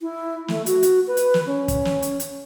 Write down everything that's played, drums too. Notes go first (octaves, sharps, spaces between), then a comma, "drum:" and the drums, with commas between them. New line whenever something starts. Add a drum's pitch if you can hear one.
E4
A3, drum: snare
F#4, drum: hi-hat
drum: hi-hat
B4
drum: hi-hat
drum: snare
C#4
drum: kick, hi-hat
drum: snare
drum: hi-hat
drum: hi-hat